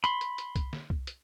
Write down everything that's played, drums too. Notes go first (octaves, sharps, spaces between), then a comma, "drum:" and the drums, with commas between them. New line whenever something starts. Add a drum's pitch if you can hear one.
B5 C6, drum: hi-hat
drum: hi-hat
drum: hi-hat
drum: kick C2, hi-hat
drum: snare
drum: kick C2
drum: hi-hat